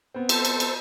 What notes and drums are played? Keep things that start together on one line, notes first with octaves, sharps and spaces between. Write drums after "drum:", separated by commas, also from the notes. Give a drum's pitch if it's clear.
B3 C4
A4 C5, drum: cymbal
drum: cymbal
drum: cymbal